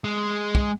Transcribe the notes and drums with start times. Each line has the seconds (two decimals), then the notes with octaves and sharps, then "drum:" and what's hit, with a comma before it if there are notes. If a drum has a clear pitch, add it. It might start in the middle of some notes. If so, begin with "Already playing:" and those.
0.04 G#3
0.55 drum: kick